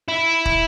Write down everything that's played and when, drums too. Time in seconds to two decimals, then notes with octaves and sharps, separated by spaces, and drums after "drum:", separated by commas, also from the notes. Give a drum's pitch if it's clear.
0.08 E4
0.45 drum: kick